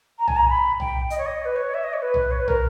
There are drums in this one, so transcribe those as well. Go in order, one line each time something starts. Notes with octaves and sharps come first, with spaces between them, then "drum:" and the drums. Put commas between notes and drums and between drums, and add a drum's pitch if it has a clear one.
A#5
G#5, drum: tom
A#5
B5
G5, drum: tom
D#5, drum: hi-hat
C#5
D#5
B4
C#5
E5
D#5
C#5
B4
drum: tom
C#5
B4
A#4, drum: tom